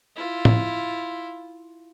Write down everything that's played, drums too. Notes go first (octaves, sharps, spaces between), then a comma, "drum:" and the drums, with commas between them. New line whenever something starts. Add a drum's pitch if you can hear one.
E4 F4
drum: tom